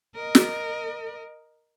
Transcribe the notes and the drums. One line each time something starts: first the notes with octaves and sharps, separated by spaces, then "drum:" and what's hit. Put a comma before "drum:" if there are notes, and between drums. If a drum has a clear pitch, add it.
A#4 D#5
drum: snare